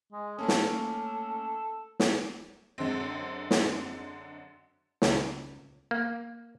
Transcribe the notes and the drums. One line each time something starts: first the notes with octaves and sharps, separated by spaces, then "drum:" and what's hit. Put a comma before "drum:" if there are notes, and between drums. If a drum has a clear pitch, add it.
G#3
A3 A#3 C#4 A4
drum: snare
drum: snare
F#2 D3 G#3 C4
drum: snare
C#2, drum: snare
A#3